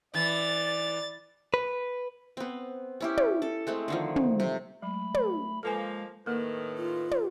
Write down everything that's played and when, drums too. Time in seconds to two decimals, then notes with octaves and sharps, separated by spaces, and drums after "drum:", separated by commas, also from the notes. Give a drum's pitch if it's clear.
0.14 E3 D5 A6
1.54 B4
2.37 B3 C4
3.00 C#4 E4 G4
3.17 drum: tom
3.42 A4
3.67 G#3 A3 C4
3.88 D3 D#3 F3
4.16 drum: tom
4.40 C3
4.82 F#3 G#3 A3 B5
5.14 drum: tom
5.63 F3 G#3 A#3 A4 B4 G#5
6.26 A2 D#3 A#3 A#4 B4
6.77 F4
7.11 drum: tom